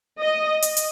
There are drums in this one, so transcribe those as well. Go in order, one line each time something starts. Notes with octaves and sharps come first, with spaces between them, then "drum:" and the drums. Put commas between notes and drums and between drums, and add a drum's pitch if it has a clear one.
D#5
drum: hi-hat
drum: hi-hat